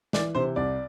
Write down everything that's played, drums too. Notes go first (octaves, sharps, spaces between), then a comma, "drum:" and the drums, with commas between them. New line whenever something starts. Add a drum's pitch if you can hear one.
E3 D5, drum: snare
C3 C5
C2 D5